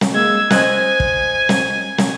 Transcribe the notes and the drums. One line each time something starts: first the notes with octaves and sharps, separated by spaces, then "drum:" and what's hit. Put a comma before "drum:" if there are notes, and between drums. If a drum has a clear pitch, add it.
drum: snare
G#3 A#3 E6 G#6
C5 D#5 G#5 F#6, drum: snare
drum: kick
drum: snare
drum: snare